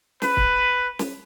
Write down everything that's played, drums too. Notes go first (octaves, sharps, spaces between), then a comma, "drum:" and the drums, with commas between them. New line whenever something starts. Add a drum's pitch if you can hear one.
B4, drum: snare
drum: kick
drum: snare